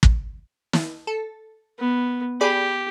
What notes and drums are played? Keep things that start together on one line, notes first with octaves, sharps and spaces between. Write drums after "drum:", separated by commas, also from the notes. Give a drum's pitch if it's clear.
drum: kick
drum: snare
A4
B3
G4 G#4 D5 B5